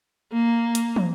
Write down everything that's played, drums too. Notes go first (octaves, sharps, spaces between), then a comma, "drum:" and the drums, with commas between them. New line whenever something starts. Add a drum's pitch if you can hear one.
A#3
drum: hi-hat
drum: tom